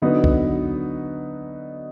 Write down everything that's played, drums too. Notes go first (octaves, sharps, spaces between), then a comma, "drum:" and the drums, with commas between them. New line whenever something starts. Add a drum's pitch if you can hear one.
D3 F#3 B3 D#4 F#4
drum: kick B1